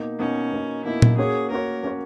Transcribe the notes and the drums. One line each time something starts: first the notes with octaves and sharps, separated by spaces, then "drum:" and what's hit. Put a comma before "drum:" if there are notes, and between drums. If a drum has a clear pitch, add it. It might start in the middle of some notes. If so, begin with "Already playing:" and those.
Already playing: B2 A#3 D#4
B2 A#3 C#4 D#4
B2 A#3 D#4
B2 A#3 D#4 E4
drum: tom A#2
A#3 C#4 F#4 G#4 C#5
A#3 C#4 F#4 A#4 C#5
A#3 C#4 F#4 C#5